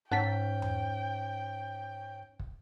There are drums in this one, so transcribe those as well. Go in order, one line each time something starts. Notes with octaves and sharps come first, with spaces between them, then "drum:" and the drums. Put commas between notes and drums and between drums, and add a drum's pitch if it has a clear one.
G#2 C#4 F#5 G5 A5 B6
drum: tom E2
drum: kick